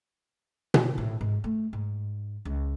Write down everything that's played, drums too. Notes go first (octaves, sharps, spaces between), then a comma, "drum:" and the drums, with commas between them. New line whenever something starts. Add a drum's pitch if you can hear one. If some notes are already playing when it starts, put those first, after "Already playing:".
drum: tom B2
A2
G#2
A3
G#2
C#2